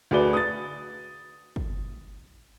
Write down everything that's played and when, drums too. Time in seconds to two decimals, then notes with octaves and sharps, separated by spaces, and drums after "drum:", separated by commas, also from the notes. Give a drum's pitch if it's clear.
0.11 D2 F#4 G#4 B4 D5 G7
0.33 D#6 A6
1.56 drum: kick